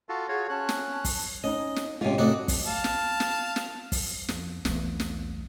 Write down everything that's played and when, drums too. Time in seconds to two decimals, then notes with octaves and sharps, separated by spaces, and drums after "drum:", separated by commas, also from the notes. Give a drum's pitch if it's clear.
0.09 F4 F#4 A4
0.29 F4 F#4 G#4 C#5
0.49 C#4 A5 F#6
0.69 drum: snare
1.05 drum: kick, open hi-hat
1.44 C#4 D#4 D#5
1.76 drum: snare
2.01 G#2 C3 C#4 F4
2.18 C3 A3 D4 D#4 F#4 D5
2.48 drum: kick, open hi-hat
2.66 F5 A5
2.84 drum: snare
3.20 drum: snare
3.56 drum: snare
3.92 drum: kick, open hi-hat
4.28 F2, drum: snare
4.65 B1 E2 A3, drum: snare
5.00 drum: snare